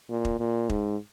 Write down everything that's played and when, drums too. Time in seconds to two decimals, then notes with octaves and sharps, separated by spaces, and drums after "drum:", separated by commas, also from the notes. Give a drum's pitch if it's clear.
0.10 A#2
0.25 drum: kick
0.40 A#2
0.70 G#2, drum: kick